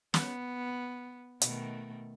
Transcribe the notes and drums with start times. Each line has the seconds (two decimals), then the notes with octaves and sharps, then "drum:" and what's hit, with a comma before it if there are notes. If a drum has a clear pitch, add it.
0.14 B3, drum: snare
1.41 B2 D#3 A3, drum: hi-hat